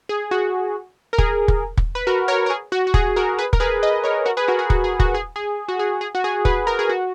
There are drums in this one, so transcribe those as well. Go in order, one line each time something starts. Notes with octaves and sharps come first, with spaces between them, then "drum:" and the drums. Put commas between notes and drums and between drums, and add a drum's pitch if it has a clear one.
G#4
F#4
A#4
G#4, drum: kick
drum: kick
drum: kick
B4
F#4 A#4
A#4 C#5
A#4
G#4
F#4
F#4
G#4, drum: kick
F#4 A#4
G#4 B4
A#4, drum: kick
G#4 B4
B4 D#5
A#4 C#5
F#4 A#4
G#4 B4
F#4 A#4
G#4
F#4, drum: kick
G#4
F#4, drum: kick
G#4
G#4
F#4
G#4
G#4
F#4
G#4
G#4 B4, drum: kick
A#4
G#4
F#4